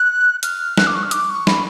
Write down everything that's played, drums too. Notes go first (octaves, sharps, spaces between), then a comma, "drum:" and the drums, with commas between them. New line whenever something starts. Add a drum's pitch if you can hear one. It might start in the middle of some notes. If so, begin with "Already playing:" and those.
Already playing: F#6
F6, drum: hi-hat
F#6, drum: snare
D6
C#6
F6
D6, drum: hi-hat
C#6
B5, drum: snare